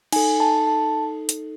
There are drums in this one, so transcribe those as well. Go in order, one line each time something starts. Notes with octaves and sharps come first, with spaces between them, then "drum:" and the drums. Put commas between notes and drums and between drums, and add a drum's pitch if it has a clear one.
D#4 A4 G#5, drum: cymbal
A5
A5
drum: hi-hat